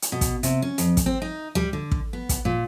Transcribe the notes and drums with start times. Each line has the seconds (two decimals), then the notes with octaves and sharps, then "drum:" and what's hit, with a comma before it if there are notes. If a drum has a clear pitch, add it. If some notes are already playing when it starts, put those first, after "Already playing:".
0.02 drum: hi-hat
0.12 B2
0.21 drum: kick, hi-hat
0.43 C3, drum: hi-hat
0.62 C#4
0.78 F2, drum: hi-hat
0.97 drum: kick, hi-hat
1.06 C4
1.22 D#4
1.55 G3, drum: tom C#2
1.73 D3
1.91 drum: kick
2.13 B3
2.29 drum: kick, hi-hat
2.45 A#2